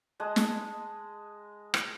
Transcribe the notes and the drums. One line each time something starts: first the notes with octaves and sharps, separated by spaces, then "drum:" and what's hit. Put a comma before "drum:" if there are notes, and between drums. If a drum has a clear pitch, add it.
G#3 F#5 A5 D#6
drum: snare
drum: rim click